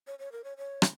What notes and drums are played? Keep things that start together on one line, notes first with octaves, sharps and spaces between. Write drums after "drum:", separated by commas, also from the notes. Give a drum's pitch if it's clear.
C#5
C#5
A#4
C#5
C#5
drum: rim click